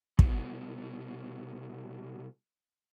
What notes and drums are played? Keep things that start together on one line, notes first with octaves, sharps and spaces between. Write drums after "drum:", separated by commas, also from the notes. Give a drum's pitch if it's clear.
C2 B2, drum: kick